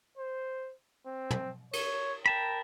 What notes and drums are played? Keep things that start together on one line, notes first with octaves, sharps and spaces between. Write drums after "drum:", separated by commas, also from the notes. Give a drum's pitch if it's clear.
C5
C4
drum: tom
C#5, drum: cymbal
A#4 G5 A5 B5